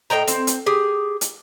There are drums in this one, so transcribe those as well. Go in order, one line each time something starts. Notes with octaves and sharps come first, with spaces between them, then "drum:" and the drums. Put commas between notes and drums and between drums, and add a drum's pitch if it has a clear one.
A2 D#5 G5 A#5
C4, drum: hi-hat
drum: hi-hat
G4 G#4
drum: hi-hat